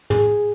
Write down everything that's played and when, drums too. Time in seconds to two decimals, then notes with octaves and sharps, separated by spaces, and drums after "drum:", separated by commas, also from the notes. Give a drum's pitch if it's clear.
0.10 G#4, drum: tom